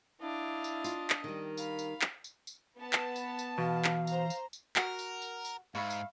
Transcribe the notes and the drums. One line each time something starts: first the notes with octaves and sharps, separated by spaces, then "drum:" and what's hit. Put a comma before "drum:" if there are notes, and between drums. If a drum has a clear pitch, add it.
D4 E4 D#5 F5
drum: tambourine
F4, drum: tambourine
drum: clap
D#3 G3 A#4
F5 B5, drum: tambourine
drum: tambourine
drum: clap
drum: tambourine
drum: tambourine
B3 A5
drum: clap
drum: tambourine
drum: tambourine
B2 E3 F5
drum: clap
C5 A#5, drum: tambourine
drum: tambourine
drum: tambourine
F#4 A#4, drum: clap
drum: tambourine
drum: tambourine
drum: tambourine
G#2 E5 F5 B5 C#6
drum: tambourine